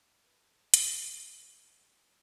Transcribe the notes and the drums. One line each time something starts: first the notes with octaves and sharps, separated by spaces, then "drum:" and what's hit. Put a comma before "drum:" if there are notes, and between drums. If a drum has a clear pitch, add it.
B4
A4
drum: hi-hat